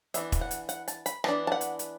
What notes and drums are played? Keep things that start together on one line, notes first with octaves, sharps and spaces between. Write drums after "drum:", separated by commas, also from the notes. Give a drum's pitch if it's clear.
E3 B3 D4 E5, drum: hi-hat
drum: kick E1, hi-hat
F#5
drum: hi-hat
F#5, drum: hi-hat
A5, drum: hi-hat
B5, drum: hi-hat
E3 B3 D4 A5, drum: rim click
A5
F#5
drum: hi-hat
drum: hi-hat